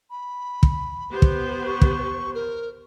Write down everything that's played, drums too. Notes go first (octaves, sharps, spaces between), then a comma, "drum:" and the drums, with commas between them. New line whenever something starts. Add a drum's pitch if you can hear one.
B5
drum: kick
B3 G4 C5
drum: kick
C#6
drum: kick
A#4